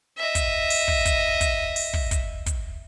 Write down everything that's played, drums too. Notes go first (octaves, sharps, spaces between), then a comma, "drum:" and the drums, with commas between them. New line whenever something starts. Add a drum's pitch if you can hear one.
D#5 E5
drum: kick, hi-hat
drum: open hi-hat
drum: kick
drum: kick, hi-hat
drum: kick, hi-hat
drum: open hi-hat
drum: kick
drum: kick, hi-hat
drum: kick, hi-hat